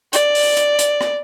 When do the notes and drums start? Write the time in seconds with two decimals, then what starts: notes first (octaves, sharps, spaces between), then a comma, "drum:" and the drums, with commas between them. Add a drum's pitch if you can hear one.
0.13 D5, drum: hi-hat
0.35 drum: open hi-hat
0.57 drum: hi-hat
0.79 drum: hi-hat
1.01 drum: rim click